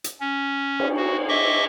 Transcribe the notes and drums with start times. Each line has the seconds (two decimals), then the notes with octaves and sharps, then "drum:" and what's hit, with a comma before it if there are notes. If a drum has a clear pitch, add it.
0.04 drum: hi-hat
0.20 C#4
0.80 drum: cymbal
0.97 F#4
1.28 D#5 E5 C#6 D6